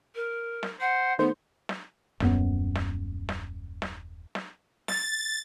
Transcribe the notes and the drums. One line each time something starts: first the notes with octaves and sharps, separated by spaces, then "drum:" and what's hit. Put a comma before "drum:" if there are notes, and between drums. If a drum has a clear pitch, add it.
A#4
drum: snare
C5 F#5
D#3 A3 B3 C5
drum: snare
D#1 F#2 B3, drum: snare
drum: snare
drum: snare
drum: snare
drum: snare
A6, drum: snare